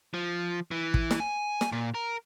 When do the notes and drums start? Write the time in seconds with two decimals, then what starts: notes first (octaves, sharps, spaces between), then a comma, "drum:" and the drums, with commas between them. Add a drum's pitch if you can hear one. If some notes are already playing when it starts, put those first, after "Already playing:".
0.14 F3
0.71 E3
0.94 drum: kick
1.11 drum: snare
1.20 G#5
1.61 drum: snare
1.72 A#2
1.95 A#4